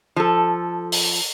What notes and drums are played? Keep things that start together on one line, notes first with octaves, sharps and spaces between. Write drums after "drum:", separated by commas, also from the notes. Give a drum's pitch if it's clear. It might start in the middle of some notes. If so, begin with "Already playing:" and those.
F3 A4
drum: open hi-hat